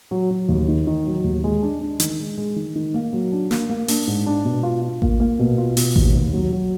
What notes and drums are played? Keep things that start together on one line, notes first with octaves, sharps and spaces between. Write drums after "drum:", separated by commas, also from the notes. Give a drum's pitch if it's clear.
F#3
F#3
D#2
D#3
D#3
F#3
D#2
G#3
D4
D4
D#3, drum: hi-hat
G#3
G#3
D#3
D#3
A#3
F#3
D4
A#3, drum: snare
A#3
D4, drum: open hi-hat
G#2
D4
B2
F4
F4
A#3, drum: kick A1
A#3
B2
F4
B2, drum: open hi-hat
D#2, drum: kick A1
D#2
F#3
F#3